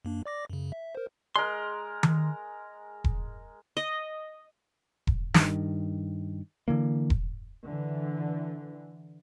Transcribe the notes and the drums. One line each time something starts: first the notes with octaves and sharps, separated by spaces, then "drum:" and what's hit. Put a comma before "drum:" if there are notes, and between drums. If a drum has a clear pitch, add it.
F#2 A#3 D4
D5 D6 A#6
F#2 C#3
E5
A#4 C5
G#3 A#4 C6
drum: tom D#3
drum: kick E1
D#5
drum: kick E1
G2 D#3, drum: snare
D3 E3 A#3
drum: kick E1
D3 E3